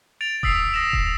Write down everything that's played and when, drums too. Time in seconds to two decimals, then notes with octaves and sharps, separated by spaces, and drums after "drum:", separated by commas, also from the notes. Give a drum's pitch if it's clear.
0.21 A6 D7 F7
0.43 D#6 E6 B6 C7 D7, drum: kick D#1
0.74 D#6 A#6 E7
0.93 drum: kick D#1